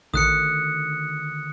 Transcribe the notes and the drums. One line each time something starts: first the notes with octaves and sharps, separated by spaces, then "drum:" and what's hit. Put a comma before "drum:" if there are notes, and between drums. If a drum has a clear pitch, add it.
D2 D#3 A3 D#6 F#6 C#7, drum: kick A1